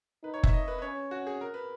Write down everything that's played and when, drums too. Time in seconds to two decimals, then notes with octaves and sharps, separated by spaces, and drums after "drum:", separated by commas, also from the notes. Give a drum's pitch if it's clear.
0.24 D#4 B4
0.34 C#5
0.43 E5, drum: kick
0.53 D#5
0.68 B4
0.78 B4
0.82 C#4 C#5
1.11 F#4
1.27 G#4
1.41 A#4
1.54 B4